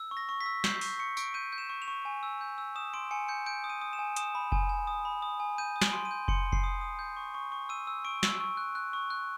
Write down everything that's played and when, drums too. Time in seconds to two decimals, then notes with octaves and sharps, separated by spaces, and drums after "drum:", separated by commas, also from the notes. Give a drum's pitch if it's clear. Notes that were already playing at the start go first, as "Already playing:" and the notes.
Already playing: E6
0.11 C#6
0.17 A#6
0.29 C#6
0.41 B6
0.46 E6
0.64 G6 C7, drum: snare
0.81 C#6, drum: open hi-hat
0.99 C#6 C#7
1.17 C#6 D7, drum: tambourine
1.34 G6 D#7
1.53 G6
1.58 E7
1.70 C#6
1.82 F7
1.88 C#6
2.05 G#5
2.23 E6
2.41 G6
2.58 E6
2.76 D#6 E7
2.94 C6 D7
3.11 G#5 C#7
3.28 G6 C#7
3.46 G6 D7
3.64 D#6
3.70 D#7
3.81 D#6
3.93 E7
3.99 G#5
4.16 D#6 E7, drum: hi-hat
4.35 B5
4.52 G#5, drum: kick F1
4.69 G#5
4.87 D#6
5.05 B5
5.22 D#6
5.40 G#5
5.58 G6 D#7
5.76 D#6
5.82 D7, drum: snare
5.93 C6
6.05 D#7
6.11 G6
6.28 C6 C#7, drum: kick F1
6.46 C6
6.52 C7, drum: kick F1
6.64 D#6
6.81 D#6
6.99 G6
7.17 C#6
7.35 C#6
7.52 C#6
7.69 E6 D#7
7.87 E6
8.05 C#6 D7
8.23 E6, drum: snare
8.40 C#6
8.57 F#6
8.75 F#6
8.93 C#6
9.10 F#6